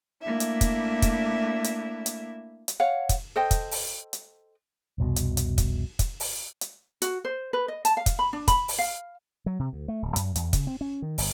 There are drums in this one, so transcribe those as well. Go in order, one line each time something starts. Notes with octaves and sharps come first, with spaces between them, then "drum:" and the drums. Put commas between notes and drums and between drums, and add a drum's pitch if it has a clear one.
A3 A#3 D4 E4 E5
drum: hi-hat
drum: kick, hi-hat
drum: kick, hi-hat
drum: hi-hat
drum: hi-hat
drum: hi-hat
C#5 F5 F#5
drum: kick, hi-hat
A4 C5 D#5 G5
drum: kick, hi-hat
drum: open hi-hat
drum: hi-hat
F1 C2 B2
drum: hi-hat
drum: hi-hat
drum: kick, hi-hat
drum: kick, hi-hat
drum: open hi-hat
drum: hi-hat
F#4, drum: hi-hat
C5
B4
D#5
A5, drum: hi-hat
F5
drum: kick, hi-hat
B5
D4
B5, drum: kick, hi-hat
drum: open hi-hat
F5
F#3
C3
D2
A3
D1
F#2, drum: hi-hat
E2, drum: hi-hat
C#3, drum: kick, hi-hat
C4
C#4
D#3
G1, drum: open hi-hat